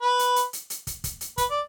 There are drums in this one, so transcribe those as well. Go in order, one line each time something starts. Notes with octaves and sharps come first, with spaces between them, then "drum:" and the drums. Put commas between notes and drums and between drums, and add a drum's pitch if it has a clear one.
B4
drum: hi-hat
drum: hi-hat
drum: hi-hat
drum: hi-hat
drum: kick, hi-hat
drum: kick, hi-hat
drum: hi-hat
B4, drum: kick, hi-hat
D5